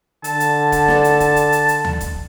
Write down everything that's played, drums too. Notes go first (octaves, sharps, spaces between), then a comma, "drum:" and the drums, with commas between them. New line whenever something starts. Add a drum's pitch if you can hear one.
D3 A5, drum: hi-hat
drum: hi-hat
drum: kick, hi-hat
drum: snare
drum: hi-hat
drum: kick, hi-hat
drum: hi-hat
drum: hi-hat
drum: hi-hat
drum: tom D2
drum: kick, hi-hat